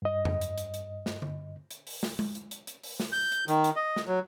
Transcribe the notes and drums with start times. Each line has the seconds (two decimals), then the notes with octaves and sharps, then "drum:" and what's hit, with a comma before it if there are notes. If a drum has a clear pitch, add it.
0.02 G2 D#5
0.25 drum: tom F2
0.41 drum: hi-hat
0.58 drum: hi-hat
0.74 drum: hi-hat
1.06 drum: snare
1.22 drum: tom D3
1.71 drum: hi-hat
1.87 drum: open hi-hat
2.03 drum: snare
2.19 drum: tom G#3
2.35 drum: hi-hat
2.51 drum: hi-hat
2.67 drum: hi-hat
2.83 drum: open hi-hat
3.00 drum: snare
3.12 G6
3.32 drum: hi-hat
3.48 D#3, drum: hi-hat
3.64 drum: hi-hat
3.76 D#5
3.96 drum: snare
4.07 F#3